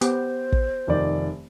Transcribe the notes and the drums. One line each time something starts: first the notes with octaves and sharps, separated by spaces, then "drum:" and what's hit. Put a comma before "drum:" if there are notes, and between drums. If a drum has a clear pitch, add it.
B3 G4 C5, drum: hi-hat
drum: kick
F1 D#3 D5